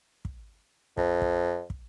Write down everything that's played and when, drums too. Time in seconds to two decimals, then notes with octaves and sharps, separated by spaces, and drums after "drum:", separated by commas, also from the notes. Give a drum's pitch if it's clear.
0.25 drum: kick
0.97 F2, drum: kick
1.22 drum: kick
1.70 drum: kick